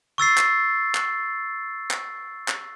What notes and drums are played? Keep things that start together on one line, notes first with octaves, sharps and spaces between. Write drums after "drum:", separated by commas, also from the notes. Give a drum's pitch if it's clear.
C#6 E6 A6 C7
drum: clap
drum: clap
drum: clap
drum: clap